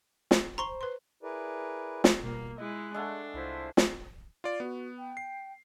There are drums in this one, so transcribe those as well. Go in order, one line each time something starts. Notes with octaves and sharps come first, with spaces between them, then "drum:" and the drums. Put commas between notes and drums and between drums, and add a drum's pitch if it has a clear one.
drum: snare
C5 A#5 C#6 G7
B4 C6
E4 G#4 A#4 B4 D5
drum: snare
B2 G3 A#3 F4
G#3 E4 D#5 F#6
G#3 A3 D4 F#5
C2 E4 F4 C5
drum: snare
F4 D5
B3 F#4
G5
C7